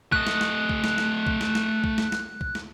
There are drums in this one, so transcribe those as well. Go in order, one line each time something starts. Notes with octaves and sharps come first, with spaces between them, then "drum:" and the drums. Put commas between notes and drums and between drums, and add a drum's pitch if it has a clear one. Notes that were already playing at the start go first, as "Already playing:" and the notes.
A3 D#5 F#6, drum: kick
drum: snare
drum: snare
drum: kick
drum: snare
drum: snare
drum: kick
drum: snare
drum: snare
drum: kick
drum: snare
drum: snare
drum: kick
drum: snare